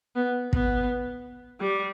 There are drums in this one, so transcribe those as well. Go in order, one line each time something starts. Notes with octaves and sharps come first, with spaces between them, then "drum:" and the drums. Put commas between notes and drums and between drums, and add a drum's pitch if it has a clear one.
B3
B3, drum: kick
G3